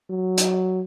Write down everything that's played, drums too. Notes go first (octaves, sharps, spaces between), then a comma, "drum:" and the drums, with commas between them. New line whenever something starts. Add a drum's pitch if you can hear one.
F#3
drum: hi-hat